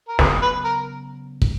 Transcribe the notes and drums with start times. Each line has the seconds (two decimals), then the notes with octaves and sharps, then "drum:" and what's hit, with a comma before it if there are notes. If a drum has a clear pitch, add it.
0.08 A#4
0.19 C#3 F#3 B3 G#4, drum: snare
0.42 B4
0.64 A#4
1.42 drum: kick